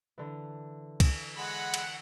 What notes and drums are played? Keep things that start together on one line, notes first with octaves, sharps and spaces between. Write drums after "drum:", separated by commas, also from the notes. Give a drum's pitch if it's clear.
D3 E3
drum: kick, cymbal
G#3 F#5 B5
drum: cymbal